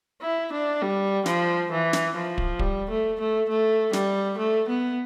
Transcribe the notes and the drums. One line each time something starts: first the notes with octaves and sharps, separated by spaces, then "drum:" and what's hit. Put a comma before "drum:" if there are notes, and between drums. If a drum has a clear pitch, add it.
E4
D4
G3
F3, drum: snare
E3
drum: snare
F3
drum: kick
G3, drum: kick
A3
A3
A3
G3, drum: snare
A3
B3